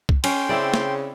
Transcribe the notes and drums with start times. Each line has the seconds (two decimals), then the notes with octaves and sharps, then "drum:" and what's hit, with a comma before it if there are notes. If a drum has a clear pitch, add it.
0.09 drum: kick C2
0.24 C#4 G5 C6, drum: cymbal
0.49 C#3 C4 E4 D5
0.74 drum: snare